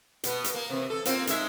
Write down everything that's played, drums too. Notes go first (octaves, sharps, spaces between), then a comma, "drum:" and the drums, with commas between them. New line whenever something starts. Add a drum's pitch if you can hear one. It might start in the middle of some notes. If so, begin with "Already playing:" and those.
B2 B3, drum: hi-hat
drum: hi-hat
A#3
C3 E3
A4
A#3 C4 F4, drum: hi-hat
G#3 D#4 E5, drum: hi-hat